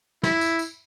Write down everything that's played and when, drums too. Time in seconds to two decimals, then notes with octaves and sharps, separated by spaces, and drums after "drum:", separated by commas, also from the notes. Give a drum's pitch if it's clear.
0.23 E4, drum: snare
0.41 drum: tambourine
0.59 drum: tambourine